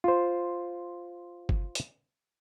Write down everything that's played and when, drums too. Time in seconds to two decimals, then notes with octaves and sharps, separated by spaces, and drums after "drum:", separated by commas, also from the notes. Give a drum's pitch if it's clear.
0.04 F4 C5
1.49 drum: kick G1
1.75 drum: hi-hat